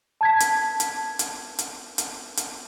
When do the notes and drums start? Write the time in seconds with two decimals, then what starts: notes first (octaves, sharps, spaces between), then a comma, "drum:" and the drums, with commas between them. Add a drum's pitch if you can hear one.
0.21 A5 G#6 B6
0.40 drum: hi-hat
0.80 drum: hi-hat
1.19 drum: hi-hat
1.59 drum: hi-hat
1.98 drum: hi-hat
2.37 drum: hi-hat